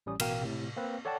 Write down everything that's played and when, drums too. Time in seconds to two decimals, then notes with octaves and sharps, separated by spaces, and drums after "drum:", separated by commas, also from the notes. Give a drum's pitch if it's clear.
0.06 A1 G3 C#4 D#6
0.19 A1 B2 A#4 F5 G5, drum: cymbal
0.43 A2 C3
0.76 A#3 C4 B4
1.05 A4 C#5 D5 F#5 G5 A5